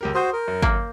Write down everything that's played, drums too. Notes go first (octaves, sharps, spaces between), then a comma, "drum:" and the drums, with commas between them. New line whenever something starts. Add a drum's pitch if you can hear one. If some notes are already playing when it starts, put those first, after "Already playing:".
C#2 G4 A#4
F#4 C5 C6 D#6 G6
A#4
F#2
A#3, drum: kick G#1